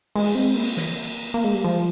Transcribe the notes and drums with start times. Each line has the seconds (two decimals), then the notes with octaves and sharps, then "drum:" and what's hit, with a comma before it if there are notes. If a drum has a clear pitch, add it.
0.16 G#3, drum: cymbal
0.35 C4
0.55 A#3, drum: cymbal
0.77 drum: snare
1.34 A#3
1.44 G#3
1.54 G3
1.64 F3